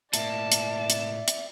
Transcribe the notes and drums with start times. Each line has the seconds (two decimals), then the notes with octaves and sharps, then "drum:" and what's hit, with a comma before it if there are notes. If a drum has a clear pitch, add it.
0.14 A2 A#3 D5 E5 A5, drum: hi-hat
0.52 drum: hi-hat
0.90 drum: hi-hat
1.28 drum: hi-hat